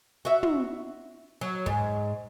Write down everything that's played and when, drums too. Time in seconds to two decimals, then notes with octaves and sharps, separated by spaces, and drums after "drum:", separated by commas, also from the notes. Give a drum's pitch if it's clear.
0.25 F#4 E5
0.43 drum: tom
1.41 F#3
1.66 G#2, drum: kick